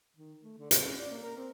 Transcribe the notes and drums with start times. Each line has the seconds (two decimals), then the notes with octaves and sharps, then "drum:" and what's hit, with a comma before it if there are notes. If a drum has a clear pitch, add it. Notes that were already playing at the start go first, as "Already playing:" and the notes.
0.17 D#3
0.43 A3
0.58 D3
0.71 C4, drum: hi-hat
0.83 C#4
0.98 D5
1.11 A#3
1.23 A#4
1.37 C4